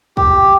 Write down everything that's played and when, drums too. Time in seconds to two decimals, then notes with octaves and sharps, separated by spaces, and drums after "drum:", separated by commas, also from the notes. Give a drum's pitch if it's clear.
0.17 G4, drum: kick